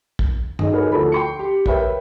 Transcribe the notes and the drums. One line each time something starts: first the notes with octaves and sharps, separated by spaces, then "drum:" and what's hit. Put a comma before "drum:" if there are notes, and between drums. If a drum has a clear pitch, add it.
drum: kick
D#4 G#4 D#5, drum: tom G2
F#4 G#4 A#4 B4 C#5
D2 F3 A4 B5
G5 C6 C#7
G4
A#4 B4 C#5 E5 G5, drum: kick